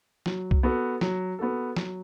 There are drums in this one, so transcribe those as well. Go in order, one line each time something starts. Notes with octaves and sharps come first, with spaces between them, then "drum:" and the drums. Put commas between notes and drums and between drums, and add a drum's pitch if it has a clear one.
F#3, drum: snare
drum: kick C2
B3 F#4 A4
F#3, drum: snare
B3 F#4 A4
F#3, drum: snare